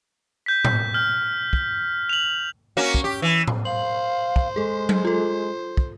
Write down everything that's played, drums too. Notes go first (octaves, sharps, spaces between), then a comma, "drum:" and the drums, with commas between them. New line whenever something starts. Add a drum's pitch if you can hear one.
G6 B6
drum: tom A2
F6 G6
drum: kick
F7 F#7
A#3 C#4 F#4
drum: kick
G4
E3
drum: tom A2
C5 F5 F#7
drum: kick
G#3 G#4 A4
drum: tom F#3
F4 A4
drum: kick